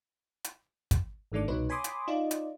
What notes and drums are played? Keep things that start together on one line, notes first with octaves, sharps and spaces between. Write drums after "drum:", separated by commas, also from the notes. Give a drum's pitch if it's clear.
drum: hi-hat
drum: kick, hi-hat
G#1 D#3 A3 D4 D6
C2 B2 D#4 B4 C#5
C#5 G#5 B5 C6 D6 D#6
drum: hi-hat
D#4 F4 D5 D#5
drum: hi-hat